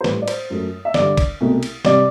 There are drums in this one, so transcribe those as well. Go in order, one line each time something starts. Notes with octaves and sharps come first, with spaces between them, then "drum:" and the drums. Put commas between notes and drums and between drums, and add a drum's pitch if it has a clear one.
C5
A2 G3 B4, drum: snare
D5
C5, drum: cymbal
F#2 F#3 A3
E5
G2 D3 G3 D5, drum: snare
drum: kick A#1, cymbal
C2 B2 A3
drum: cymbal
C3 G3 D5, drum: snare